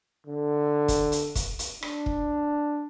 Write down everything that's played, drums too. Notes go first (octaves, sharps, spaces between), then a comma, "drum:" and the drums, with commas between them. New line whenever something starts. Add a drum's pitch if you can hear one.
D3
drum: kick, hi-hat
drum: hi-hat
drum: kick, hi-hat
drum: hi-hat
D4, drum: rim click
drum: kick